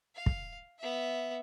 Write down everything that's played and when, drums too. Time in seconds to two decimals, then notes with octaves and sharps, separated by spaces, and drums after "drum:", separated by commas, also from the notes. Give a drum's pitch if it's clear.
0.16 F5
0.26 drum: kick
0.79 B3 E5